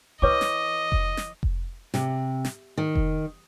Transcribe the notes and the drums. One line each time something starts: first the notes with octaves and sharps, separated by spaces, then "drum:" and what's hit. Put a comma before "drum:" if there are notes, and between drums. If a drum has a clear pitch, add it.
E3 B4 C#5 D#5 G5 C#6 D6
drum: snare
drum: kick F1
drum: snare
drum: kick F1
C3, drum: snare
drum: snare
D#3
drum: kick F1